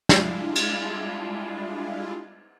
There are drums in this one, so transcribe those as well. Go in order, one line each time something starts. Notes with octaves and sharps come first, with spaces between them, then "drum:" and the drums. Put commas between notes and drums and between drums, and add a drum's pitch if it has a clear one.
G3 G#3 D4 E4 F4, drum: snare
drum: cymbal